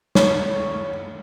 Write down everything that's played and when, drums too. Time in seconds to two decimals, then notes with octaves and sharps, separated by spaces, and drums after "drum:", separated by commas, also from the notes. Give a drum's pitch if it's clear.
0.15 C#5, drum: snare